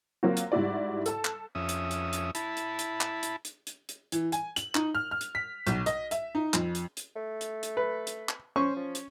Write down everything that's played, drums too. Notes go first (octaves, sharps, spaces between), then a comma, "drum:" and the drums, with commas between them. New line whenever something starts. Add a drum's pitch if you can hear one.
F#3 A#3 C4 F4 F#4
drum: hi-hat
G#2 G3 E4 F#4 D5
A4 A5, drum: hi-hat
drum: clap
F2 C#4 E5 D#6
drum: hi-hat
drum: hi-hat
drum: hi-hat
E4 A5 B5, drum: hi-hat
drum: hi-hat
drum: hi-hat
drum: clap
drum: hi-hat
drum: hi-hat
drum: hi-hat
drum: hi-hat
E3, drum: hi-hat
G#5, drum: hi-hat
F#7, drum: hi-hat
D#4, drum: clap
F6
F6
drum: hi-hat
B6
B1, drum: hi-hat
D#5, drum: hi-hat
E5, drum: hi-hat
D#4
F2, drum: clap
drum: hi-hat
drum: hi-hat
A3
drum: hi-hat
drum: hi-hat
B4
drum: hi-hat
drum: clap
C#4 C5 C#6
F3
drum: hi-hat